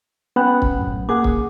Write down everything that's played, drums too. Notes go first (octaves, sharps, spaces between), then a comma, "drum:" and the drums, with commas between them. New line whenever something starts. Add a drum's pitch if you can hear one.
B3 C#4 F#5 B5 F#6
drum: kick C#1
F#2 A2
A#3 G#4 F#5 D6
drum: kick C#1